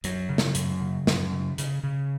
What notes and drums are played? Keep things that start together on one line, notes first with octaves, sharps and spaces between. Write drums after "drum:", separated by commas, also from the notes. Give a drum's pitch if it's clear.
F#2 F#3, drum: hi-hat
C#3
drum: snare
F#2, drum: hi-hat
C#3
F#2, drum: snare
C#3
C#3, drum: hi-hat
C#3